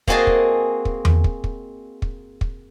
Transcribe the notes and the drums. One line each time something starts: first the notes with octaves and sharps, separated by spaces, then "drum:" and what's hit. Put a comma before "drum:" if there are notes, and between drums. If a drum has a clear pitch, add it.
A#3 C4 F#4 G#4 D#5 A5, drum: kick
drum: kick
drum: kick
drum: tom E2
drum: kick
drum: kick
drum: kick
drum: kick